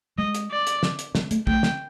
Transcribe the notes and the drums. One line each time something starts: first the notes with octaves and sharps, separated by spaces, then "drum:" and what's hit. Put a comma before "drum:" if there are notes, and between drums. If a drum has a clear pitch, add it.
G#3 D#5
drum: hi-hat
D5
drum: hi-hat
drum: snare
drum: hi-hat
G#3, drum: snare
A3, drum: hi-hat
A3 G5, drum: kick
drum: snare